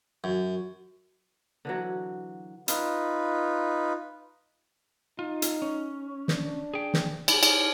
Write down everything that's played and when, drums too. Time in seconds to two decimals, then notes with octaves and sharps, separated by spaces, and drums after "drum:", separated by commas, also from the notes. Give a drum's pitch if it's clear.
0.24 F#2
1.65 D3 E3 F#3
2.68 D#4 F4 B4, drum: hi-hat
5.19 D#4 F4
5.42 drum: hi-hat
5.62 C#4
6.28 D4, drum: snare
6.74 G#4 G5
6.94 drum: snare
7.28 E4 G4 G#4, drum: cymbal
7.43 drum: cymbal